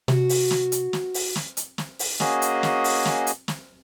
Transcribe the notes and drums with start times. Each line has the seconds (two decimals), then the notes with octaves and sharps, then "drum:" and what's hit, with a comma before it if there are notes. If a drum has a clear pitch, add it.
0.08 C3 F#4, drum: snare
0.29 drum: open hi-hat
0.51 drum: snare
0.72 drum: hi-hat
0.93 drum: snare
1.14 drum: open hi-hat
1.36 drum: snare
1.57 drum: hi-hat
1.78 drum: snare
1.99 drum: open hi-hat
2.20 A#3 C#4 F#4 G#4 D#5, drum: snare
2.42 drum: hi-hat
2.63 drum: snare
2.84 drum: open hi-hat
3.05 drum: snare
3.27 drum: hi-hat
3.48 drum: snare